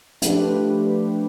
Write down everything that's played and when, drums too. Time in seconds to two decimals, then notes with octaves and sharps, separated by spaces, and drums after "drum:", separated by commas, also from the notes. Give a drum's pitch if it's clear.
0.22 F3 A3 D4 G4 B4, drum: hi-hat